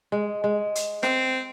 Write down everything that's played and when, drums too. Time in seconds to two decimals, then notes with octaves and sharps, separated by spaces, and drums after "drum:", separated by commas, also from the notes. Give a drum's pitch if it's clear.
0.12 G#3
0.44 G#3
0.75 drum: hi-hat
1.03 C4, drum: snare